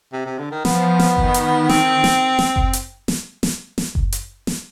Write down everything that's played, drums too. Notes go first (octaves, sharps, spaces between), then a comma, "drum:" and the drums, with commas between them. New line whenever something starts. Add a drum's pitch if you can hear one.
C3
C3
D3
D#3
F3 B3, drum: snare
drum: snare
D#3, drum: kick F#1
drum: hi-hat
C4, drum: snare
drum: snare
drum: snare
drum: kick F#1
drum: hi-hat
drum: snare
drum: snare
drum: snare
drum: kick F#1
drum: hi-hat
drum: snare